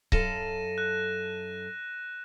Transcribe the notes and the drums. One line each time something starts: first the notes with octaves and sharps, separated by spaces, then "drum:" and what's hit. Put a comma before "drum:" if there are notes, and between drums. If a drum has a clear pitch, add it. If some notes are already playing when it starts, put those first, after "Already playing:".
F#2 A4 F5 A#6 D#7 E7, drum: kick C#1
F#6